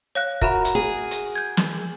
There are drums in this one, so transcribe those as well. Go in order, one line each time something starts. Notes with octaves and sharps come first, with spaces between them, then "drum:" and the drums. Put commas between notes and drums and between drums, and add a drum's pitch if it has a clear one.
C#5 F5 F#6
F#4 A#4 E5 A#5 B5, drum: kick
drum: hi-hat
G#4
drum: hi-hat
G6 G#6
drum: snare